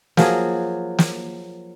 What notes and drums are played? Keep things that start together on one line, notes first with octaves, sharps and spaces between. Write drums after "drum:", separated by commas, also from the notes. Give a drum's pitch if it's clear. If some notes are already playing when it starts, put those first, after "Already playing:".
F3 F#3 A#3 G#4, drum: snare
drum: snare